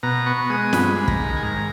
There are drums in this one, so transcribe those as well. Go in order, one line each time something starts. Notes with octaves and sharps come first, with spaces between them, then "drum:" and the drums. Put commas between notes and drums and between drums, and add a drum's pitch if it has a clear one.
B2 A#5
B3 C#6
G#3 D#6
G2 B5, drum: snare
G#3
A#5, drum: kick
D#3
G#5
G#2 A#5